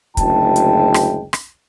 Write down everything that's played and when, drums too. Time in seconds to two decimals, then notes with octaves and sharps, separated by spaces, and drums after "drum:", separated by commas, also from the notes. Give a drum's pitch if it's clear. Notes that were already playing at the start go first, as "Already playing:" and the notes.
0.17 F#1 D2 G#3 E4 G5 A5, drum: kick, hi-hat
0.56 drum: hi-hat
0.94 drum: rim click
1.33 drum: rim click